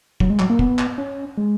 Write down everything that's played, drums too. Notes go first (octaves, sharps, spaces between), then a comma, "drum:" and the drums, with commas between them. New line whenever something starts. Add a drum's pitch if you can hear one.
F#3, drum: kick
G#3
F#3, drum: clap
A#3
B3, drum: kick
drum: clap
C#4
G#3